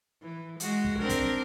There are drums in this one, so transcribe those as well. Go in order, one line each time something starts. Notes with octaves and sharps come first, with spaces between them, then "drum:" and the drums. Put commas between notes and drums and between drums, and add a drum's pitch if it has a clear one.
E3
G#3 F#4, drum: hi-hat
drum: kick
C4 D4 A#4
drum: kick, hi-hat